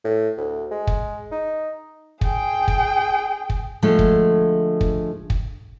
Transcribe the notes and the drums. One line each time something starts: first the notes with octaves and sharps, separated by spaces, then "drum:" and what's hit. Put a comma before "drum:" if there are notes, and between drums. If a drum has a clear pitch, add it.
A2
D2
G#3
drum: kick
D#4
G#4 G5, drum: kick
drum: kick
drum: kick
D3 F3 G#3 A3
drum: kick
drum: kick
drum: kick